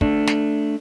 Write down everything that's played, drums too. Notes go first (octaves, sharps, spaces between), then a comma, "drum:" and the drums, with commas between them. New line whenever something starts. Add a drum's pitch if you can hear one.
A3 D4, drum: kick
drum: snare